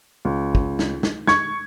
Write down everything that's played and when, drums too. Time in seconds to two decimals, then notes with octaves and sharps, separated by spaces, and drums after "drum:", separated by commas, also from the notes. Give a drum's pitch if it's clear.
0.25 C#2
0.55 drum: kick
0.79 drum: snare
1.03 drum: snare
1.27 C#6 G#6, drum: snare